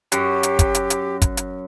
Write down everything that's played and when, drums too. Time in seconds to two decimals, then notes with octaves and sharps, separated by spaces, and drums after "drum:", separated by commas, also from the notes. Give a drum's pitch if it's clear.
0.12 F#2 G4, drum: hi-hat
0.43 drum: hi-hat
0.59 drum: kick, hi-hat
0.75 drum: hi-hat
0.90 drum: hi-hat
1.22 drum: kick, hi-hat
1.37 drum: hi-hat